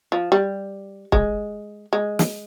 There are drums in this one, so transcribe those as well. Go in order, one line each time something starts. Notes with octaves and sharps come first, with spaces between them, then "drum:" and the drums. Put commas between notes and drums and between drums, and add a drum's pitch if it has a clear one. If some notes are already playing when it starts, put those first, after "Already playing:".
F3
G3
G#3, drum: kick
G#3
drum: snare